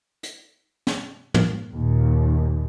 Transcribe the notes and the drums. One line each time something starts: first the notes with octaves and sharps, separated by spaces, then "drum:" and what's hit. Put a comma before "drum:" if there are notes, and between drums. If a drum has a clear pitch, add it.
drum: hi-hat
drum: snare
drum: tom
D#2 A#2